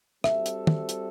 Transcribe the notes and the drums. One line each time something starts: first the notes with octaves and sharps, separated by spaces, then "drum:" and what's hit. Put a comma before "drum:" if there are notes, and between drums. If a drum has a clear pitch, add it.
G3 C4 F#4 A4 E5, drum: rim click
drum: hi-hat
drum: tom
drum: hi-hat